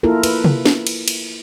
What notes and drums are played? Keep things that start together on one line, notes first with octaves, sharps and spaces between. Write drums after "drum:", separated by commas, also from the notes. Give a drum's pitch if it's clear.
A#3 E4 F4 A4 A#4
B4, drum: cymbal
drum: tom C3
drum: snare
drum: cymbal
drum: cymbal